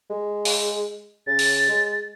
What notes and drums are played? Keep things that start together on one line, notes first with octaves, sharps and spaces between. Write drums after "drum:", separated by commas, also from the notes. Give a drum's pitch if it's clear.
G#3
drum: open hi-hat
C#3 A6
drum: open hi-hat
G#3